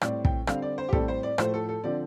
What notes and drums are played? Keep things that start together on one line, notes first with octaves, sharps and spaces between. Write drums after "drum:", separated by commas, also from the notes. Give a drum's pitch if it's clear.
A2 G3 C4 D5, drum: rim click
G5, drum: kick
D3 G3 C4 F5, drum: rim click
D5
C5
G4
A2 G3 C4 A4, drum: kick
C5
D5
A2 F3 A3 C5, drum: rim click
A4
A4
D3 F3 C4 D5